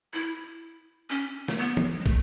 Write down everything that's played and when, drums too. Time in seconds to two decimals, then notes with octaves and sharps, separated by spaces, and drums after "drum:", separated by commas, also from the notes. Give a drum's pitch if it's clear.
0.14 E4
1.10 C#4
1.48 A3, drum: snare
1.58 B3
1.77 drum: tom
1.91 F#3
1.98 G#3
2.06 A3, drum: kick